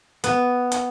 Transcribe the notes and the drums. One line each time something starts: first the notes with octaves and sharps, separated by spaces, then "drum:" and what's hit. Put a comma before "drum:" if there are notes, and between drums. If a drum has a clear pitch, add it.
B3, drum: hi-hat
drum: hi-hat